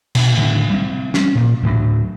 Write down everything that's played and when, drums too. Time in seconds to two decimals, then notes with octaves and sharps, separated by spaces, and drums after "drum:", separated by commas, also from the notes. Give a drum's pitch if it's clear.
0.15 B2, drum: cymbal
0.37 A2 D3 D#3 F#3
0.70 G3 C4
1.14 C#4, drum: snare
1.35 A#2
1.63 D2 A2 F#3